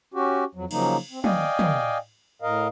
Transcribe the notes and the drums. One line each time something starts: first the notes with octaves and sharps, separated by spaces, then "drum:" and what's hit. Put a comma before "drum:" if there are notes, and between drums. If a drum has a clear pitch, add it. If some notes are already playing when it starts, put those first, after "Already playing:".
C#4 F#4 G4
F2 F#3
C#3 F3 F#3 A#3 D#4, drum: cymbal
C4
D5 D#5 F5 G5 G#5, drum: tom
drum: tom
A2 A#4 D#5 F5